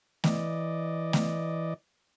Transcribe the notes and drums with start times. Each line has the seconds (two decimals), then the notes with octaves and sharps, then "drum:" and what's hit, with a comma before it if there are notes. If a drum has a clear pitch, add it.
0.24 E3 D5 D#5, drum: snare A3
1.13 drum: snare A3